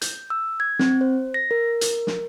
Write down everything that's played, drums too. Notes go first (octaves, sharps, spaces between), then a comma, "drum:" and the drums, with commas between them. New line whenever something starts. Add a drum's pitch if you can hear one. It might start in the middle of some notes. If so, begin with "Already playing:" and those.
G6, drum: hi-hat
E6
G#6
C4, drum: snare
C5
A#6
A#4
drum: hi-hat
drum: snare